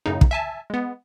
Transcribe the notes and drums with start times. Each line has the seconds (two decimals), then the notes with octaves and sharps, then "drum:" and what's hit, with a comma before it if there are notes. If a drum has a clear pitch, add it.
0.06 F#2 A2 C#3 D#4
0.21 drum: kick
0.31 E5 G#5 A5
0.70 G#3 B3